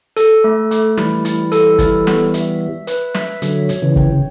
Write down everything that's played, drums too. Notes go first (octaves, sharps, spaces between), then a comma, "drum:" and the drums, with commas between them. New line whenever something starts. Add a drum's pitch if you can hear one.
A4, drum: hi-hat
A3
A3, drum: hi-hat
E3 G3 E4, drum: snare
E4, drum: hi-hat
A4, drum: hi-hat
E4, drum: kick, hi-hat
B3, drum: snare
E5, drum: hi-hat
E5
B4, drum: hi-hat
E5, drum: snare
D3 F#3 C#5, drum: hi-hat
C#5, drum: hi-hat
C#3 E3
G5, drum: kick
C#3